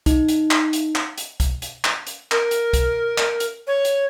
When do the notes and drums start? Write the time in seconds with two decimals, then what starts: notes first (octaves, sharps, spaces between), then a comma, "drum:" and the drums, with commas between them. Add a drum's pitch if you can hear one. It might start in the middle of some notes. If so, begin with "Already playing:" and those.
0.06 D#4, drum: kick, hi-hat
0.28 drum: hi-hat
0.51 drum: clap
0.73 drum: hi-hat
0.95 drum: clap
1.18 drum: hi-hat
1.40 drum: kick, hi-hat
1.62 drum: hi-hat
1.84 drum: clap
2.07 drum: hi-hat
2.31 A#4, drum: clap
2.51 drum: hi-hat
2.73 drum: kick, hi-hat
3.18 drum: clap
3.40 drum: hi-hat
3.67 C#5
3.85 drum: hi-hat